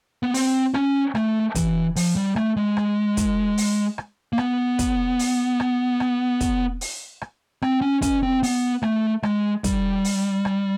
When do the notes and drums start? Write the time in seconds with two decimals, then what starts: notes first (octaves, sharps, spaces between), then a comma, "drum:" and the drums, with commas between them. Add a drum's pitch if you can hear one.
0.23 B3
0.34 C4, drum: open hi-hat
0.74 C#4, drum: rim click
1.15 A3, drum: rim click
1.55 E3, drum: kick, hi-hat
1.96 F3, drum: open hi-hat
2.16 G3
2.36 A3, drum: rim click
2.57 G#3
2.77 drum: rim click
3.17 drum: kick, hi-hat
3.58 drum: open hi-hat
3.98 drum: rim click
4.33 A#3
4.38 B3, drum: rim click
4.79 drum: kick, hi-hat
5.19 drum: open hi-hat
5.60 drum: rim click
6.00 drum: rim click
6.41 drum: kick, hi-hat
6.81 drum: open hi-hat
7.21 drum: rim click
7.62 C4, drum: rim click
7.81 C#4
8.02 C#4, drum: kick, hi-hat
8.23 C4
8.43 B3, drum: open hi-hat
8.83 A3, drum: rim click
9.23 G#3, drum: rim click
9.64 G3, drum: kick, hi-hat
10.05 drum: open hi-hat
10.45 drum: rim click